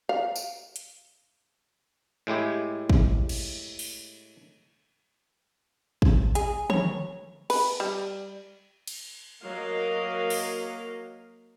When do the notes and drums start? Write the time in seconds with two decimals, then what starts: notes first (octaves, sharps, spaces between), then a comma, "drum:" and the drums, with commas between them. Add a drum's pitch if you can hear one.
0.09 F5
0.36 drum: tambourine
0.76 drum: hi-hat
2.27 A2 G#3 E4 G4
2.90 drum: kick
3.29 drum: cymbal
3.79 drum: open hi-hat
6.02 drum: kick
6.35 G#4, drum: hi-hat
6.70 C#5, drum: tom
7.50 B4, drum: cymbal
7.80 G3
8.87 drum: cymbal
9.44 F#3 A#3 A#4 D#5 F5
10.30 drum: open hi-hat